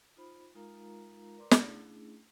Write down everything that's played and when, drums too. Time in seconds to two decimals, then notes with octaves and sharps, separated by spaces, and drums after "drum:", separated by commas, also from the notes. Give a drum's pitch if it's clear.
0.17 D#4 F4 C5 B5
0.55 G#3 D#4 F4 A#4 F5 A#5
1.37 A#4 B4 D5 A#5 C6 D6
1.51 A3 C#4 D4 E4 G#4, drum: snare